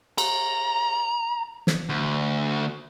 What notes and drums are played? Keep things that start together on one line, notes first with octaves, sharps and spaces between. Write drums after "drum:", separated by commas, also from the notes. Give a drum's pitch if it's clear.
A#5, drum: cymbal
drum: snare
D2